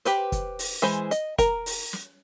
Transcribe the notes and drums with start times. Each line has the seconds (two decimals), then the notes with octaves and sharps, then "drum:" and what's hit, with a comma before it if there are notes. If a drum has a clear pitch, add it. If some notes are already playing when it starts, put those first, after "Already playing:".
0.05 G4 B4 C5, drum: hi-hat
0.32 drum: kick, hi-hat
0.59 drum: open hi-hat
0.82 E3 G#3 C5
1.11 D#5, drum: hi-hat
1.38 A#4 A#5, drum: kick, hi-hat
1.66 drum: open hi-hat
1.93 drum: snare